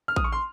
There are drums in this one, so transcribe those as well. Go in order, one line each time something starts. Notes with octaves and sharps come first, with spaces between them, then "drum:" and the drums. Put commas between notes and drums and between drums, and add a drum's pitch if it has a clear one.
F6
D#6, drum: kick
C#6
C6